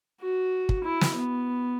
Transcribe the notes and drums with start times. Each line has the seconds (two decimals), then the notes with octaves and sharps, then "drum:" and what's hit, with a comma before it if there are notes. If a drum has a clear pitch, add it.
0.21 F#4
0.69 drum: kick
0.84 E4
1.01 drum: snare
1.15 B3